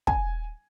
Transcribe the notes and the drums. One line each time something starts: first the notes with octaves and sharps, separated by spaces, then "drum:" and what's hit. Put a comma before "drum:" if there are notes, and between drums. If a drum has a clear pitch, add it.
G#5, drum: kick